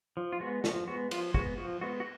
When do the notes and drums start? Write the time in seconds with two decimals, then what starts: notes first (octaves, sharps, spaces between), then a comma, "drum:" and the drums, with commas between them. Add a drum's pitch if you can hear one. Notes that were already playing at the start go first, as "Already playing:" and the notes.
0.17 F3
0.32 F4
0.40 G#3 B3 F#4
0.64 F3 F#4, drum: snare
0.88 G#3 B3 F#4
1.11 F3 F4, drum: cymbal
1.34 G#3 B3 F#4, drum: kick
1.57 F3 F#4
1.81 G#3 B3 F#4
2.00 F#4